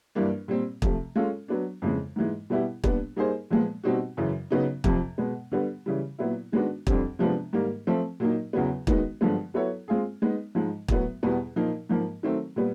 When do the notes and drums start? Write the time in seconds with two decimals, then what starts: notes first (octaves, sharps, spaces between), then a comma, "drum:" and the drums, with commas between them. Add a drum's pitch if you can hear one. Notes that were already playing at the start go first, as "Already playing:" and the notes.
0.15 G2 E3 G3 A#3 D4
0.48 A#2 G3 C4
0.82 C3 F3 A3, drum: kick
1.16 G#3 C#4 F4 A4
1.48 F#3 B3 D4
1.82 F2 C#3 E3 G#3
2.16 G#2 E3 G#3
2.50 B2 G3 B3 E4 G4
2.84 A#2 G3 B3 D4, drum: kick
3.16 G3 A#3 D#4 G#4 C5
3.50 A#2 F3 G#3 B3
3.84 B2 G3 C4 D#4 F#4
4.17 F#2 C#3 E3
4.50 C#3 F#3 B3 D#4
4.84 F2 C3 F3, drum: kick
5.18 B2 G#3 B3
5.52 D3 G3 B3
5.86 C#3 E3 G3
6.19 A#2 F#3 B3 E4
6.52 D#3 G#3 B3 D4 F#4
6.87 F2 D3 G3 C4, drum: kick
7.19 C3 F3 G#3 B3 D4
7.53 G#2 D#3 G3 A#3
7.87 F3 A3 C4
8.20 A#2 F#3 A#3 D#4
8.53 E2 C#3 F#3 B3
8.87 D#3 G#3 B3 D#4 F#4, drum: kick
9.21 G2 D3 F3 G#3 B3
9.54 F#3 B3 E4 A4 C#5
9.88 G#3 C4 F4 G#4
10.22 G#3 B3 D#4
10.55 G#2 F3 G#3
10.88 A2 F#3 B3, drum: kick
11.23 E2 B2 G3 B3
11.56 A#2 F3 A#3 D#4
11.89 G#2 F3 A#3
12.23 D#3 F#3 A3 C4
12.56 A#2 G3 B3